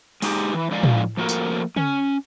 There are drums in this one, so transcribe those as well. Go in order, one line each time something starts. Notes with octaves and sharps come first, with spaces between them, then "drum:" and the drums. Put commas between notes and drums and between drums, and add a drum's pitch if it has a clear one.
G#3 D#4 F#4 G4, drum: open hi-hat
E3
D3 F3 G#3 D5 F5 G#5
drum: tom
F3 A3 A#3 F#4 A#4
drum: tambourine
C#4, drum: tom C#3